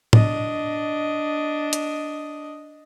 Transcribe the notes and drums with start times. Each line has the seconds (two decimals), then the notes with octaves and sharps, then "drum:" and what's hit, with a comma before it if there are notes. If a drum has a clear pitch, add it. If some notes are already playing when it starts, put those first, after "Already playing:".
0.13 D4 D#5, drum: tom A2
1.73 drum: hi-hat